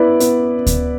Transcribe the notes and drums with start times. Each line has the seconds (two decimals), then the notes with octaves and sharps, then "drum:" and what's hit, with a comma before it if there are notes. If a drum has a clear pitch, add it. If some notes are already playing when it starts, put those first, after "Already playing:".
Already playing: B3 E4 B4 D5
0.20 B3, drum: hi-hat
0.66 drum: kick D2, hi-hat